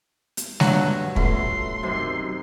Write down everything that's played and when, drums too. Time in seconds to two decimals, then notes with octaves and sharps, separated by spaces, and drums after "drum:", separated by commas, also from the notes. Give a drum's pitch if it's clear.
0.37 drum: hi-hat
0.60 G2 F#3 A3 F#4, drum: snare G#3
1.16 B2 A3 B3 F4 C6, drum: kick
1.83 F#2 C3 D#3